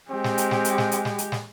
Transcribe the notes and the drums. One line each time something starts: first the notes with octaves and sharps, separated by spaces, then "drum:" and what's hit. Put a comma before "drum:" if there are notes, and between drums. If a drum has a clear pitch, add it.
G#3 C4 G4
drum: snare
drum: hi-hat
drum: snare
drum: hi-hat
drum: snare
drum: hi-hat
drum: snare
drum: hi-hat
drum: snare